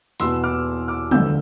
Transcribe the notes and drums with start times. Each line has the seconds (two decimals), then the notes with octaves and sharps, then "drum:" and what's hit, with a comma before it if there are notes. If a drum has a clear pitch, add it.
0.20 E2 B2 B3 C6 E6, drum: hi-hat
0.44 D6 F6
0.88 D6 F6
1.11 D2 D3 F3 E6 G6, drum: tom